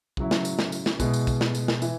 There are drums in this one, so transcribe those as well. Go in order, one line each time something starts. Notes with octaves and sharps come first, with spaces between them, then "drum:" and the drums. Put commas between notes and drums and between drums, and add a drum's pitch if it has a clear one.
C#3 F#3 E4, drum: kick
drum: snare
drum: tambourine
drum: snare
drum: tambourine
drum: snare
B2 G#3 B3 E4, drum: kick, tambourine
drum: tambourine
drum: kick, tambourine
drum: snare
drum: tambourine
drum: snare
E3, drum: tambourine